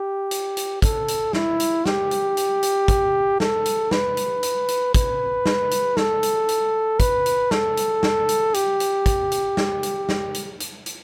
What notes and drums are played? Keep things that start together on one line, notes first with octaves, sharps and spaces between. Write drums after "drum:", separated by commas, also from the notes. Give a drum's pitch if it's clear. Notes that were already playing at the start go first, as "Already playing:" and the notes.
Already playing: G4
drum: hi-hat
drum: hi-hat
A4, drum: kick, hi-hat
drum: hi-hat
E4, drum: snare
drum: hi-hat
G4, drum: snare
drum: hi-hat
drum: hi-hat
drum: hi-hat
drum: kick, hi-hat
A4, drum: snare
drum: hi-hat
B4, drum: snare
drum: hi-hat
drum: hi-hat
drum: hi-hat
B4, drum: kick, hi-hat
drum: snare
drum: hi-hat
A4, drum: snare
drum: hi-hat
drum: hi-hat
B4, drum: kick, hi-hat
drum: hi-hat
A4, drum: snare
drum: hi-hat
drum: snare
drum: hi-hat
G4, drum: hi-hat
drum: hi-hat
drum: kick, hi-hat
drum: hi-hat
drum: snare
drum: hi-hat
drum: snare
drum: hi-hat
drum: hi-hat
drum: hi-hat